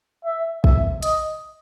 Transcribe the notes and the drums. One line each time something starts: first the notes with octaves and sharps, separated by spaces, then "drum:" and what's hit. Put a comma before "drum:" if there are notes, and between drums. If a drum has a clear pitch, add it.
E5
E5, drum: kick
D#5, drum: hi-hat